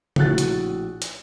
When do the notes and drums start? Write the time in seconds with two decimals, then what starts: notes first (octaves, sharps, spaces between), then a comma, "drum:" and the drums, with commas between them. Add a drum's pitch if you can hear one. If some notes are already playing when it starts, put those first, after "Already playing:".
0.16 A#1 A2 F#4 F#6 A6, drum: tom C#3
0.38 drum: hi-hat
1.02 drum: hi-hat